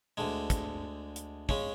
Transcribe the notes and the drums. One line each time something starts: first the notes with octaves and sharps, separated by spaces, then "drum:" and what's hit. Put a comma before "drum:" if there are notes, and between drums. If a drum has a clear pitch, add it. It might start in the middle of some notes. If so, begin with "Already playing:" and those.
D2 D3 G#3
drum: kick, hi-hat
drum: hi-hat
C#3 G#3 C#4, drum: kick